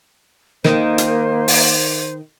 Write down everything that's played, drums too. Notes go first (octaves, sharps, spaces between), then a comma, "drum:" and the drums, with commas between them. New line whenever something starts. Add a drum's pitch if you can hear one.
D#3 A#3 C5, drum: snare
drum: hi-hat
drum: open hi-hat